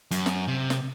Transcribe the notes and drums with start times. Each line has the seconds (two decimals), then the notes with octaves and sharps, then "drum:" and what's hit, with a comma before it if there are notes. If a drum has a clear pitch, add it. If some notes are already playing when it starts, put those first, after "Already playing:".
0.11 F#2, drum: hi-hat
0.26 drum: snare
0.48 C3
0.70 drum: snare